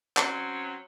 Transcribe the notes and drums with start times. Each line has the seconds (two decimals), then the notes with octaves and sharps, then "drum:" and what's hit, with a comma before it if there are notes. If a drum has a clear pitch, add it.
0.17 F#3 C4 C#4, drum: clap